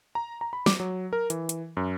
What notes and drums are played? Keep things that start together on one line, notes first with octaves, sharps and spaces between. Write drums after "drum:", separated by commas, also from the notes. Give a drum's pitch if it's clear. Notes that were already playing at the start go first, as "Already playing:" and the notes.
A#5
A#5
B5
D6, drum: snare
F#3
A#4
E3, drum: hi-hat
drum: hi-hat
F#2